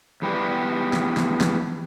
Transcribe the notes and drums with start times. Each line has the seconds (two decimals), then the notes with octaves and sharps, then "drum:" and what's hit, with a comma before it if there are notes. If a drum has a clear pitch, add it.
0.22 E2 G3 B3 G4 B4 D5
0.93 drum: snare
1.17 drum: snare
1.41 drum: snare